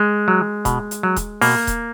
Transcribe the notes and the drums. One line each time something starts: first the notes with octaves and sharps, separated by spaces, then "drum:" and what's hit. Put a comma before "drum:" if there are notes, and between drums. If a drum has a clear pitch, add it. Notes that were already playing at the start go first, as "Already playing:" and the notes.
Already playing: G#3
F#3
B2, drum: kick D#1, hi-hat
drum: hi-hat
F#3
drum: kick D#1, hi-hat
B2 A#3, drum: open hi-hat
drum: kick D#1, hi-hat